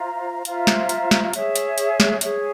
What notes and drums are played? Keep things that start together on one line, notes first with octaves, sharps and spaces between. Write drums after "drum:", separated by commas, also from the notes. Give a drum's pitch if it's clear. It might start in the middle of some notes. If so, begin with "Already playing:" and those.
Already playing: F4 C5 E5 A#5
F4 C5 E5 A#5, drum: hi-hat
drum: snare
drum: hi-hat
drum: snare
G#4 C#5 E5, drum: hi-hat
drum: hi-hat
drum: hi-hat
drum: snare
G#4 C#5 E5, drum: hi-hat